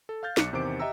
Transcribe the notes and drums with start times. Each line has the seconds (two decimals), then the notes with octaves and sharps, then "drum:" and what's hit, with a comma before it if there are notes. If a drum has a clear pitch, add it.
0.09 A4
0.23 F5 F6 G6 A6
0.37 B1 D6 F#6 C#7, drum: snare
0.53 E2 C3 D#3 C5 D6 D7
0.80 G4 D#5 E5 G5 A#5 E6